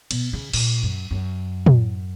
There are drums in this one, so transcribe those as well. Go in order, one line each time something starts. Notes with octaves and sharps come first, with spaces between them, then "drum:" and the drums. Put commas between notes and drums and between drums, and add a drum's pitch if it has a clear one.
B2, drum: cymbal
C#3
A#2, drum: cymbal
F#2
F#2
drum: tom